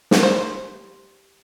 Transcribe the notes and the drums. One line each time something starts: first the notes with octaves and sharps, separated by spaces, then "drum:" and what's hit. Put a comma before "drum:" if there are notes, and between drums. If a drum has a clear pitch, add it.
drum: snare
G3 C5